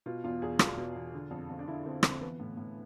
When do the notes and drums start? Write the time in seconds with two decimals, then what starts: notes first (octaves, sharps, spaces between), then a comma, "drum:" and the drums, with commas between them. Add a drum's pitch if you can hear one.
0.06 B2 F4
0.24 E2 F4
0.42 E2 G#4
0.59 B2 F4, drum: rim click
0.77 B2
0.96 E2
1.14 D3
1.31 F2
1.50 F2
1.59 D4
1.67 D3 E4
1.86 D3 C4
2.03 F2 C4, drum: rim click
2.21 E3 B3
2.40 A2
2.57 A2